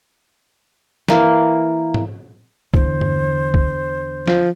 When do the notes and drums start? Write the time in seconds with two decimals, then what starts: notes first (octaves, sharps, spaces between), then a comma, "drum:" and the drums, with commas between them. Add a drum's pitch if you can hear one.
1.09 E3 A#3, drum: snare
1.94 drum: tom G#2
2.74 E2 D3 C5, drum: kick
3.01 drum: tom G2
3.54 drum: kick
4.28 F3, drum: snare